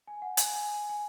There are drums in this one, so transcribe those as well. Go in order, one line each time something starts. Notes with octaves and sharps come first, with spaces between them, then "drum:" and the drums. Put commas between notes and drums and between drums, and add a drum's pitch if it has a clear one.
G#5
F#5
G#5, drum: hi-hat
G#5
G#5